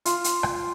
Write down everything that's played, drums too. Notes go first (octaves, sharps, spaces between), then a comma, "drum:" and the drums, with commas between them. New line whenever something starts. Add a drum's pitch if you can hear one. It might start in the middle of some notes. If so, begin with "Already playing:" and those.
F4, drum: hi-hat
drum: hi-hat
drum: rim click